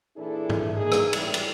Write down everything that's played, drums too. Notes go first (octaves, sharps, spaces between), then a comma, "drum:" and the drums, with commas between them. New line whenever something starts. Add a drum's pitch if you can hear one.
A#2 E3 D4 E4 G#4 A4
drum: tom G#2
A#3 D#4 G#4
drum: rim click
A2 E3 G3, drum: cymbal
drum: cymbal